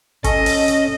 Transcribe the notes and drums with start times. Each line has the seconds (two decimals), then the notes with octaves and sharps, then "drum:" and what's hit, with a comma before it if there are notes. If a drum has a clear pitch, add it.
0.24 C#4 A4 D#5, drum: kick, hi-hat
0.46 drum: open hi-hat
0.68 drum: hi-hat